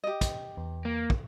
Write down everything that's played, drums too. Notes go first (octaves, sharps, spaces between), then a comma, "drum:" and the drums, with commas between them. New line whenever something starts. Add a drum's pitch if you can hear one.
G4 D#5
drum: kick, hi-hat
E2
A#3
drum: kick